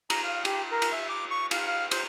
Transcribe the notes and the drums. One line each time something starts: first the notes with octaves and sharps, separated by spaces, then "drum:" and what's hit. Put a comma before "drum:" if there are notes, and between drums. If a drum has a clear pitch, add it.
A#5, drum: cymbal
F5
G4, drum: cymbal
A#4
drum: cymbal
E5
D6
C#6
F5, drum: cymbal
F5
C5, drum: cymbal